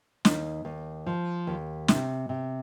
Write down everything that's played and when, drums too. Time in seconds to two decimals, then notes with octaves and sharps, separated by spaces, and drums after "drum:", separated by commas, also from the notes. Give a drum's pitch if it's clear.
0.25 D#2, drum: snare
0.65 D#2
1.06 F3
1.47 D#2
1.88 C3, drum: snare
2.29 C3